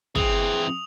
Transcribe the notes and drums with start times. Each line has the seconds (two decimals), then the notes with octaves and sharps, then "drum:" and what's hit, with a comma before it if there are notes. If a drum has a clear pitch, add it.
0.15 E3 C4 G#4 D#6 F7, drum: kick